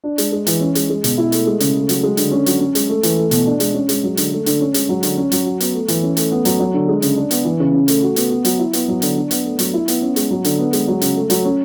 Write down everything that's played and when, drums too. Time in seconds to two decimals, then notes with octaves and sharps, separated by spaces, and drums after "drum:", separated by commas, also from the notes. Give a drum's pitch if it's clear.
0.04 D4
0.18 G#3, drum: hi-hat
0.32 G#3
0.47 E3, drum: hi-hat
0.60 C#4
0.75 G#3, drum: hi-hat
0.90 G#3
1.04 B2, drum: hi-hat
1.18 E4
1.32 A3, drum: hi-hat
1.47 G#3
1.60 C#3, drum: hi-hat
1.75 A3
1.89 F#3, drum: hi-hat
2.03 G#3
2.17 D3, drum: hi-hat
2.31 C#4
2.46 F#3, drum: hi-hat
2.60 C#4
2.75 G#3, drum: hi-hat
2.89 A3
3.03 E3, drum: hi-hat
3.17 A3
3.31 B2, drum: hi-hat
3.46 D4
3.60 G#3, drum: hi-hat
3.74 C#4
3.89 G#3, drum: hi-hat
4.04 F#3
4.17 D3, drum: hi-hat
4.31 A3
4.46 D3, drum: hi-hat
4.61 C#4
4.74 G#3, drum: hi-hat
4.89 F#3
5.03 D3, drum: hi-hat
5.17 C#4
5.32 F#3, drum: hi-hat
5.46 F#4
5.60 B3, drum: hi-hat
5.74 A3
5.88 E3, drum: hi-hat
6.03 C#4
6.17 A3, drum: hi-hat
6.31 B3
6.45 F#3, drum: hi-hat
6.60 F#3
6.74 D3
6.88 G#3
7.02 C#3, drum: hi-hat
7.16 D4
7.31 B3, drum: hi-hat
7.45 E3
7.60 C#3
7.73 C#4
7.88 A3, drum: hi-hat
8.03 F#4
8.16 B3, drum: hi-hat
8.30 B3
8.45 F#3, drum: hi-hat
8.59 E4
8.73 B3, drum: hi-hat
8.88 F#3
9.02 D3, drum: hi-hat
9.16 D4
9.31 B3, drum: hi-hat
9.44 A3
9.59 F#3, drum: hi-hat
9.74 E4
9.88 B3, drum: hi-hat
10.02 C#4
10.16 G#3, drum: hi-hat
10.31 F#3
10.45 D3, drum: hi-hat
10.58 B3
10.73 G#3, drum: hi-hat
10.88 F#3
11.01 C#3, drum: hi-hat
11.16 A3
11.30 F#3, drum: hi-hat
11.45 C#4